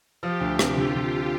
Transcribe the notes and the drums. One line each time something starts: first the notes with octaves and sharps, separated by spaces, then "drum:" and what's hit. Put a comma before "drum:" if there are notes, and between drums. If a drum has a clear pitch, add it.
F3 G4
D2
C3, drum: rim click
D3 F4
D3